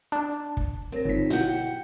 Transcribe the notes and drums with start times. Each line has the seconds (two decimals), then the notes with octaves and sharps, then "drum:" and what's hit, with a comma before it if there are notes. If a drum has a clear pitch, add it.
0.12 D4
0.57 drum: kick
0.92 C3 A#4 C#5 A#6
1.05 G1 D#4 F4 C#5 B6
1.30 B2 E4 F#5 G5 G6, drum: hi-hat